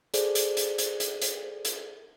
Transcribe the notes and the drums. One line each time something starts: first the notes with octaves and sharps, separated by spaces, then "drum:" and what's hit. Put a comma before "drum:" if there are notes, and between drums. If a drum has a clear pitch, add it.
G#4 A4 C5 D5, drum: hi-hat
drum: hi-hat
drum: hi-hat
drum: hi-hat
drum: hi-hat
drum: hi-hat
drum: hi-hat